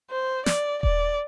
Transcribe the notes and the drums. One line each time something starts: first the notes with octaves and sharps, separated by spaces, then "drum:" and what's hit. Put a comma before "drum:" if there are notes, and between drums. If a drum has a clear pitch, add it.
C5
D5, drum: snare
D5, drum: kick D#1